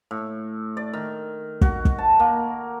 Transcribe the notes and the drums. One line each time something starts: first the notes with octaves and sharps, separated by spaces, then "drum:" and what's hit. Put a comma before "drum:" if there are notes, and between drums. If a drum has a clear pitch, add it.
A2
D5
D#3
F#4, drum: kick
drum: kick
A5
A#3